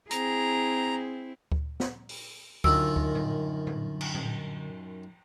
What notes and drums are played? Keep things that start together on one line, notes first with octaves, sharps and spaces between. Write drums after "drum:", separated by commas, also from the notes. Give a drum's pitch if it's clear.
C4 E4 G#4 A#5, drum: hi-hat
drum: kick D2
drum: snare
drum: open hi-hat
F#2 D3 D#3 F4 E6, drum: kick D2
drum: kick D2
drum: tom A2
drum: tom A2
drum: cymbal
drum: tom A2